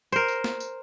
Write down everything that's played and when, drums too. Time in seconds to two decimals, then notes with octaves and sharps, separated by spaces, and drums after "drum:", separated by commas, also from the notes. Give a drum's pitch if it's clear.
0.12 A#4 C5
0.28 drum: tambourine
0.44 drum: snare
0.60 drum: tambourine